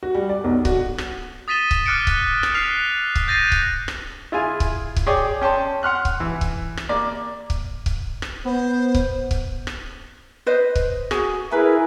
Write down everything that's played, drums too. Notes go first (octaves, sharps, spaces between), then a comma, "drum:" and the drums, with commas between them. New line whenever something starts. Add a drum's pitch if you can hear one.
F#4
G3
D5
B1
F#4, drum: kick C#1
drum: rim click
D#6 A6 B6 D#7 E7 G7
drum: kick C#1
D6 F6 F#6 A6 C#7 D7
drum: kick C#1
drum: rim click
F6 F#6 B6 C7 F7
drum: kick C#1
F#6 G6 A6 A#6 C7 D#7
drum: kick C#1
drum: rim click
E4 F4 G#4 G#5
drum: kick C#1
drum: kick C#1
G#4 C#5 D5 G5
C#4 G5 A5 C6
F#5 C6 F6 F#6
drum: kick C#1
E3
drum: kick C#1
drum: rim click
A#3 D5
drum: kick C#1
drum: kick C#1
drum: rim click
B3 C5
drum: kick C#1
drum: kick C#1
drum: rim click
B4 C5 D#5
drum: kick C#1
F#4 G#4, drum: rim click
E4 G#4 A#4 B4